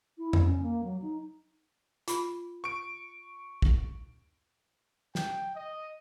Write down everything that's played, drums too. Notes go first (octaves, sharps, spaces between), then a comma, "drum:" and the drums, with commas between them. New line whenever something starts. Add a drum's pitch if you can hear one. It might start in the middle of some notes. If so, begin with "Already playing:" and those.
E4
E4, drum: tom F2
C#4
A#3
F#3
D#4
F4 B5, drum: hi-hat
C#6 D7
drum: kick
G5, drum: snare
D#5